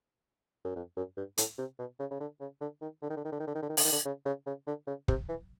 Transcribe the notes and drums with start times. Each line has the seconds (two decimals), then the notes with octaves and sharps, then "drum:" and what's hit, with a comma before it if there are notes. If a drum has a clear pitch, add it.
0.65 F#2
0.76 F2
0.96 F#2
1.17 G2
1.38 A2, drum: hi-hat
1.58 C3
1.79 B2
1.99 C#3
2.11 C#3
2.20 D3
2.40 C#3
2.61 D3
2.81 D#3
3.02 D3
3.10 D#3
3.17 D3
3.24 D#3
3.32 D3
3.39 D#3
3.47 D3
3.55 D#3
3.62 D3
3.69 D#3
3.77 D3, drum: open hi-hat
3.84 D#3
3.92 D3
4.05 C#3
4.25 C#3
4.46 C#3
4.67 D3
4.87 C#3
5.08 C3, drum: kick
5.29 E3